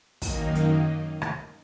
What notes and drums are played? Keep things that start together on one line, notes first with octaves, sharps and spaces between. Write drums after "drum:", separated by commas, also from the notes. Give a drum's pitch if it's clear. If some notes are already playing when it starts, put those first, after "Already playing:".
F#2 D#3 A#3 D#4, drum: kick, open hi-hat
drum: hi-hat
drum: rim click